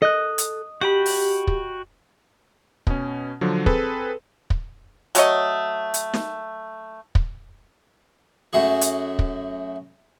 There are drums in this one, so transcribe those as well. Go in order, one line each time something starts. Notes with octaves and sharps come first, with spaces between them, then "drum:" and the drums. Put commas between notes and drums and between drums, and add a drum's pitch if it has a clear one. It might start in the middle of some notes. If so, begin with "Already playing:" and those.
A4 D#5 F#6
drum: hi-hat
F#4 G4 G5 B5
drum: open hi-hat
drum: kick
B2 C#4, drum: kick
D3 F3 F#3
C4 G#4 A4 B4, drum: kick
drum: kick
F#3 A3 C#5 D#5, drum: hi-hat
drum: hi-hat
drum: snare
drum: kick
F#2 A3 F#4 G#4
drum: hi-hat
drum: kick